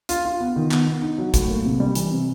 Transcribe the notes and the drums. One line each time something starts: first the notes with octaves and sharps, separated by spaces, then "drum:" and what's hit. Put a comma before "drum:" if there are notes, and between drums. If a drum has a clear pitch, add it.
F4, drum: hi-hat
F4
B3
D#3
B3, drum: clap
B3
D#4
F#3
A2, drum: kick, hi-hat
A#3
C3
G3
E3, drum: hi-hat
C3